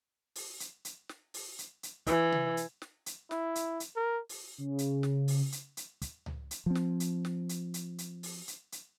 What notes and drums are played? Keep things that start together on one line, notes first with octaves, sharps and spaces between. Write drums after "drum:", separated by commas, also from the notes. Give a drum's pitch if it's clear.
drum: open hi-hat
drum: hi-hat
drum: hi-hat
drum: snare
drum: open hi-hat
drum: hi-hat
drum: hi-hat
E3, drum: kick, hi-hat
drum: tom C3
drum: hi-hat
drum: snare
drum: hi-hat
E4, drum: snare
drum: hi-hat
drum: hi-hat
A#4
drum: open hi-hat
C#3
drum: hi-hat
drum: snare
drum: open hi-hat
drum: hi-hat
drum: hi-hat
drum: kick, hi-hat
drum: tom C#2
drum: hi-hat
F3 C4
drum: snare
drum: hi-hat
drum: snare
drum: hi-hat
drum: hi-hat
drum: hi-hat
drum: open hi-hat
drum: hi-hat
drum: hi-hat